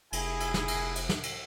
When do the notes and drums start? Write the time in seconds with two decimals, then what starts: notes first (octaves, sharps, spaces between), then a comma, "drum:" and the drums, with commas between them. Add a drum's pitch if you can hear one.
0.13 F1 E4 G#4 G#5, drum: cymbal
0.40 drum: cymbal
0.54 drum: snare
0.68 drum: cymbal
0.96 drum: cymbal
1.09 drum: snare
1.23 drum: cymbal